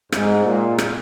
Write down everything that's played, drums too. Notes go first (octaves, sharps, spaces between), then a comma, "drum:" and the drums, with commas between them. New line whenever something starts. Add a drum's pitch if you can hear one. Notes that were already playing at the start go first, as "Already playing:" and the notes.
G#2, drum: rim click
A#2
drum: rim click